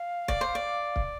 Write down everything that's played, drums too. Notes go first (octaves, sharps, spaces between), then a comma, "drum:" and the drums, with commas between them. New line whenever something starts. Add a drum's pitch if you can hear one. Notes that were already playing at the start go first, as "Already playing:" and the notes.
Already playing: F5
D5, drum: kick C#1
C5
D5
drum: kick C#1